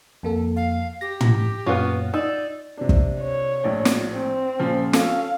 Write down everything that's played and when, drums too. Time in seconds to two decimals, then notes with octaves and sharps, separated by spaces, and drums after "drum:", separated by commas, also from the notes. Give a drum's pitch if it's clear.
0.23 F2 A#3 A4
0.56 F5
1.01 G4 A#6
1.21 drum: tom
1.66 F#2 A#2 B3 C#4 F4 F#4 F5
2.14 D#4 D5 E6
2.77 C3 D4
2.89 drum: kick
3.21 C#5
3.64 A#1 A2
3.85 drum: snare
4.13 C4
4.59 A#2 C#3 F3
4.93 C#4 A4 F5, drum: snare